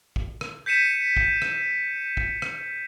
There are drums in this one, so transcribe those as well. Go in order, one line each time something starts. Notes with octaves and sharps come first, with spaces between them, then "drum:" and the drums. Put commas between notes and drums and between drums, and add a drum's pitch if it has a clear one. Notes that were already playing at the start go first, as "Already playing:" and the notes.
drum: kick A1
drum: rim click
G6 B6 C#7 D#7 E7
drum: kick A1
drum: rim click
drum: kick A1
drum: rim click